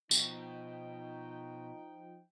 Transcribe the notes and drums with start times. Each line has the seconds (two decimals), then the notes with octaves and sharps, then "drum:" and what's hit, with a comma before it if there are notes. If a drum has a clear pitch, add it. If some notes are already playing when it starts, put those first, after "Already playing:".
0.11 B2 F3 D#4 G5, drum: tambourine